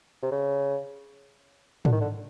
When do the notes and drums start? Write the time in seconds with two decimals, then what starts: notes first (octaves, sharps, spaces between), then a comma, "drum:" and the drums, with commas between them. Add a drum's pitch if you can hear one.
0.23 C3
0.32 C#3
1.85 D3, drum: tom
1.92 D#3
2.01 D3